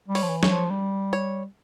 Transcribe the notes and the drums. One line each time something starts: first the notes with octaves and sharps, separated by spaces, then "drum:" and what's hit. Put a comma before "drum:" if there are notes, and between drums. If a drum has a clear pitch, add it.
G3
C#5, drum: open hi-hat
F3
E3
C#5, drum: snare F#3
F3
G3
C#5